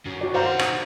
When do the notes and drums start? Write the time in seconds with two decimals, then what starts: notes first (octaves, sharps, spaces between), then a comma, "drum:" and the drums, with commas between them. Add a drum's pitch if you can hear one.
0.06 F#2
0.21 F#4 D5
0.34 D#4 C5 F5 F#5 A#5
0.59 drum: rim click